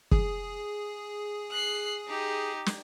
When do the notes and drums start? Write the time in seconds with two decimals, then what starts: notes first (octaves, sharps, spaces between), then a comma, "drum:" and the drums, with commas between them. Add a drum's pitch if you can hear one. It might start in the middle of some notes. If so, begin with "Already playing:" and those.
0.11 G#4, drum: kick
1.51 F#6 C7
2.08 D#4 G4
2.66 drum: snare